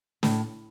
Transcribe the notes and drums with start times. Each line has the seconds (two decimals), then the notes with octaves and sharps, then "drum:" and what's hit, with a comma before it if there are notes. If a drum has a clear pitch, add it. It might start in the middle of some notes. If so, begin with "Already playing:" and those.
0.23 A2, drum: snare